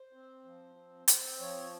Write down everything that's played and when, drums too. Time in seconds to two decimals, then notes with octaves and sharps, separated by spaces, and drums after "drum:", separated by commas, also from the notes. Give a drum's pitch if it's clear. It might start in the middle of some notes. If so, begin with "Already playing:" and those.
Already playing: C5
0.13 C4
0.45 F3
0.76 C4
1.08 C4 C5, drum: hi-hat
1.39 F3 C#5